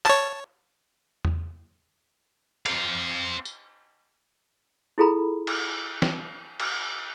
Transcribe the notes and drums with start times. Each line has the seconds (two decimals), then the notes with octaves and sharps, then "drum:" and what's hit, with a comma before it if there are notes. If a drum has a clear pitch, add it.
0.05 C#5 A5, drum: clap
1.25 drum: tom E2
2.66 C4 F5, drum: cymbal
3.45 drum: tambourine
4.98 E4 F4 G#4 A4 A#5 B5
5.47 drum: cymbal
6.02 drum: snare
6.60 drum: cymbal